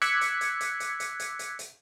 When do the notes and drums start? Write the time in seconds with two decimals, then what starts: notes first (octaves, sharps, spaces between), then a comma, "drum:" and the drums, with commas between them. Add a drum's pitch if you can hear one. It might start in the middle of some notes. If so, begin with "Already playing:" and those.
0.02 D6 E6 F#6 G#6 B6 C#7, drum: hi-hat
0.21 drum: hi-hat
0.41 drum: hi-hat
0.61 drum: hi-hat
0.80 drum: hi-hat
1.00 drum: hi-hat
1.20 drum: hi-hat
1.39 drum: hi-hat
1.59 drum: hi-hat